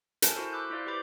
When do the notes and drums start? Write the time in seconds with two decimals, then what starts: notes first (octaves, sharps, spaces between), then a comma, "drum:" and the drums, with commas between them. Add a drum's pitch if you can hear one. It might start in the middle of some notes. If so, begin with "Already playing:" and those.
0.22 A4 A#4 G#5 A5, drum: hi-hat
0.35 E4 F#4 A4 C5 G6
0.52 B5 D6 E6 F#6 G6
0.70 E4 F4 C5 D5 F5
0.86 G4 B4 C5 B5 D6 G6